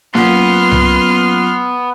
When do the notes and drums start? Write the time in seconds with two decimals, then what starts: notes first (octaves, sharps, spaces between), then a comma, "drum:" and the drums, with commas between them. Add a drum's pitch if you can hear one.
0.15 F#3 A#3 B3 C#4 F4 C6 F6, drum: snare A#3
0.71 drum: tom C2